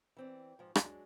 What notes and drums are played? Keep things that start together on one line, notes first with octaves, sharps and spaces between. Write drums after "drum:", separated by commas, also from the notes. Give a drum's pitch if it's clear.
E3 C4 D5
G#2 F3
F#3 G#3 D4, drum: rim click